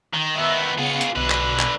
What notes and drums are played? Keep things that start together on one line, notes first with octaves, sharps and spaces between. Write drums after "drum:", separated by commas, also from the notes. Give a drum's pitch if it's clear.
D#3
D#3 B3 E5 A#5 E6
C#3 B3 F4 G#4 C#7
drum: hi-hat
B1 B2 D3 B4
drum: clap
drum: clap